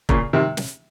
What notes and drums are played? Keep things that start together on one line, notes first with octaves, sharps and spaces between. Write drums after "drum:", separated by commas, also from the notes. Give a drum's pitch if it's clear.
A#2 C#3, drum: kick F1
C3 D#3
drum: snare